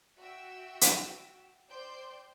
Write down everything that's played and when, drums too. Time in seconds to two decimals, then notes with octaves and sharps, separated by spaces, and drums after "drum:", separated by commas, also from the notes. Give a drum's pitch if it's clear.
0.18 F#4 E5 G5 E6
0.81 drum: hi-hat
1.69 C5 D5 G5 C6 G6